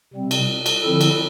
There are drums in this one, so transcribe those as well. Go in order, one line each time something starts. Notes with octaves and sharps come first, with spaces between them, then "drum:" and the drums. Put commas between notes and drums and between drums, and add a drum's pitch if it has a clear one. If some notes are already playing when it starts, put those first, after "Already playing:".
C3 G3 C4
drum: cymbal
drum: cymbal
D3 F3 C4 E4 A4
drum: cymbal